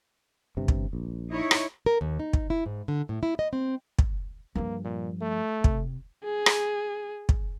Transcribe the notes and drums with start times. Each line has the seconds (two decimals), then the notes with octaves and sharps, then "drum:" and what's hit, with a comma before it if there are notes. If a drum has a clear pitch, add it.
0.57 G1 G2 C3
0.68 drum: kick
0.93 A#1
1.30 D#4 E4 C#5
1.51 drum: rim click
1.86 A#4
2.01 D#2
2.19 D#4
2.33 drum: kick
2.50 E4
2.66 G#2
2.88 D3
3.09 A2
3.23 E4
3.39 D#5
3.53 C4
3.99 drum: kick
4.56 G2 F3 A#3
4.84 A#2
5.22 A3
5.64 C3, drum: kick
6.24 G#4
6.46 drum: rim click
7.29 drum: kick